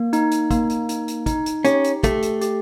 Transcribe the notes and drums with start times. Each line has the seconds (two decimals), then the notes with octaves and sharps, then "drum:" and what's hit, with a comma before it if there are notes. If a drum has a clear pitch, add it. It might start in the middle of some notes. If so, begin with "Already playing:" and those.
Already playing: A#3
0.13 D#4, drum: hi-hat
0.31 drum: hi-hat
0.51 A#3, drum: kick, hi-hat
0.70 drum: hi-hat
0.89 D#4, drum: hi-hat
1.08 drum: hi-hat
1.26 D#4, drum: kick, hi-hat
1.46 drum: hi-hat
1.65 C#4 G4, drum: hi-hat
1.84 drum: hi-hat
2.03 A3 G4, drum: kick, hi-hat
2.22 drum: hi-hat
2.41 G4, drum: hi-hat